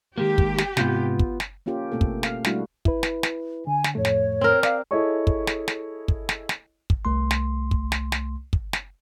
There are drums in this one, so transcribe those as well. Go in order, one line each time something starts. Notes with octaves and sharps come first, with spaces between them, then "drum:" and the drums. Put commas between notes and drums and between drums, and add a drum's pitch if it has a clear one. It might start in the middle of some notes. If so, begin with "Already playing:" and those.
D#3 G#3 A#3 G4
drum: kick
drum: snare
G#2 C3 B3 F4 G6, drum: snare
drum: kick
drum: snare
A#3 C#4 F4 G4 A#4
B2 A3 A#3 C4 A4
drum: kick
F5, drum: snare
G3 A3 D4 E4 F#4, drum: snare
E4 B4, drum: kick
drum: snare
drum: snare
D3 G#5
drum: snare
F2 A2 A3 C#5
drum: snare
C4 A#4
D5 F5, drum: snare
E4 G#4 A4 C#5 D#5 C#6
drum: kick
drum: snare
drum: snare
drum: kick
drum: snare
drum: snare
drum: kick
C2 A3 C6
drum: snare
drum: kick
drum: snare
drum: snare
drum: kick
drum: snare